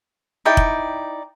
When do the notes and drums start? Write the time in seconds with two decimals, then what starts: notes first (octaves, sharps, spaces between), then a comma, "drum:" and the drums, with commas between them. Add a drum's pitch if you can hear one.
0.45 D#4 E4 D5 G5
0.57 drum: kick F1